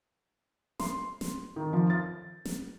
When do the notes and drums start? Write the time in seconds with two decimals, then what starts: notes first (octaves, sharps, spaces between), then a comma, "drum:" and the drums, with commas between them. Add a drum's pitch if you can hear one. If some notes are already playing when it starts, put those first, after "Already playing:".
0.80 C6, drum: snare
1.21 drum: snare
1.56 D#3
1.73 F3
1.90 A6
2.45 drum: snare